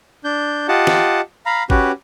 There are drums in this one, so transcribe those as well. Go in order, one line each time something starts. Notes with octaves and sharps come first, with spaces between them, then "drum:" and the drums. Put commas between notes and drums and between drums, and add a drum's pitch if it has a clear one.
D4 G6
F4 G4 D#5 F#5 A5
drum: snare
F5 A#5 B5
C#4 F#4 G4 B4, drum: kick